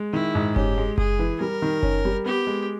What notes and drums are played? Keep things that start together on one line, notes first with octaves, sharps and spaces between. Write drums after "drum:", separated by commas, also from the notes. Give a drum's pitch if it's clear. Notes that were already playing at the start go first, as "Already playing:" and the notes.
Already playing: G#3
D#3 E4
G#2
C#4 G4, drum: kick F#1
G#3
G#3 G#4, drum: kick F#1
E3
G3 A#4
D#3
C#4, drum: kick F#1
G3
B3 G4
G#3